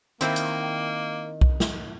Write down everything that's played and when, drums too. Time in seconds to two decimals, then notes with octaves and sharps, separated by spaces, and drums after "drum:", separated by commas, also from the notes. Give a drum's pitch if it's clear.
0.21 D#3 A#3 C4 E4 C5, drum: hi-hat
0.36 drum: hi-hat
1.41 drum: kick B1
1.60 drum: snare